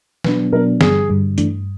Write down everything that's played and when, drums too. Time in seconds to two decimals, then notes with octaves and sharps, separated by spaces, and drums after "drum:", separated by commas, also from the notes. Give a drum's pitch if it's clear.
0.24 B2 F#3 B3 D4 B4, drum: snare
0.53 B2 F#3 B3 D4 A#4
0.81 G2 D3 G3 G#4, drum: snare
1.10 G2 D3 G3
1.38 G2 E3 A3 D4, drum: hi-hat